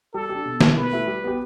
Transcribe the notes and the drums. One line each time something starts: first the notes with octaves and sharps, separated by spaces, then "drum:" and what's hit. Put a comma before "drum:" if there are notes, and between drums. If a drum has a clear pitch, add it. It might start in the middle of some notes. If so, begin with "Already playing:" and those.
G3 A4
G4
D4
B2
G3 B3 E4, drum: snare
B2 B4
A3 E4 G4
G3
B3 G4